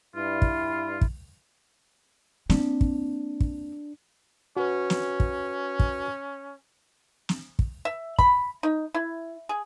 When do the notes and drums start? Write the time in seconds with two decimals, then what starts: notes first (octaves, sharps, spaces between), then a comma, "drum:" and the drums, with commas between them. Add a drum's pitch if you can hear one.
0.16 G2 E4 F4
0.42 drum: kick
1.01 drum: kick
2.50 A#3 C4 D4, drum: snare
2.81 drum: kick
3.40 drum: kick
4.57 C#4 F#4 B4
4.90 drum: snare
5.20 drum: kick
5.79 drum: kick
7.29 drum: snare
7.59 drum: kick
7.85 E5
8.19 B5, drum: kick
8.63 D#4
8.94 E4
9.49 G#4